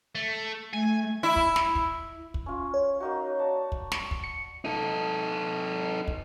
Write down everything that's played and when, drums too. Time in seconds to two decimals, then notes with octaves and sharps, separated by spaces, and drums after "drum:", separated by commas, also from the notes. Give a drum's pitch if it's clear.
0.15 A3
0.73 A3 G#5
1.23 E4
1.36 drum: kick
1.56 drum: snare
1.75 drum: kick
2.34 drum: kick
2.46 C#4 F4
2.74 C#5
3.00 A#3 D#4 F#4
3.39 D5 A5
3.72 drum: kick
3.92 drum: snare
4.11 drum: kick
4.24 C#7
4.65 D#4 A4
6.08 drum: kick